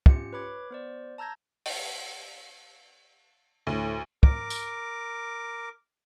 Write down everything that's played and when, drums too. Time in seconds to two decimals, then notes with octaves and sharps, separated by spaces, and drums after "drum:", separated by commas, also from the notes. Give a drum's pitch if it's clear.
0.06 C#4 F4 G4 C#7, drum: kick
0.33 B4 C#5 B5 D6 G#6
0.70 B3 C5 D5
1.18 A5 A#5 E6 G6 G#6 A#6
1.66 drum: open hi-hat
3.67 D2 A2
4.23 A#4 D6, drum: kick
4.50 drum: tambourine